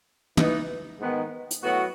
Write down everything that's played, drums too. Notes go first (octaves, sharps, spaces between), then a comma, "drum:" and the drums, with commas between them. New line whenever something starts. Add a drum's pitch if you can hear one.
E3 B3 D#4, drum: tom
G#2 D#3 G#3 B3
drum: hi-hat
A2 F#3 B3 F#4